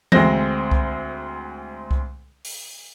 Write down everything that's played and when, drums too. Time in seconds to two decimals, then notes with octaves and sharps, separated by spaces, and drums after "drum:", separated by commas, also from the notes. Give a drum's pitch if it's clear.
0.12 D2 G#3 C4 C5 A#6, drum: tom E3
0.71 drum: kick C2
1.91 drum: kick C2
2.45 drum: open hi-hat